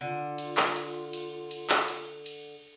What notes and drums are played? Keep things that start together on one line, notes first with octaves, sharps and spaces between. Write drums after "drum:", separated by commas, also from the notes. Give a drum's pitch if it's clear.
D3 F4
drum: cymbal
drum: clap
drum: cymbal
drum: cymbal
drum: cymbal
drum: clap
drum: cymbal
drum: cymbal